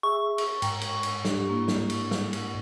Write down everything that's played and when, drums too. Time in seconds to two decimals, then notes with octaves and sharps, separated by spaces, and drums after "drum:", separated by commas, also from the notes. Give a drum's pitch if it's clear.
0.03 G#4 E5 C#6
0.38 drum: cymbal
0.62 G#2 G5 A#5, drum: cymbal
0.81 drum: cymbal
1.03 drum: cymbal
1.25 D4 G4, drum: snare
1.49 A#3 E4
1.68 drum: snare
1.90 drum: cymbal
2.11 drum: snare
2.33 drum: cymbal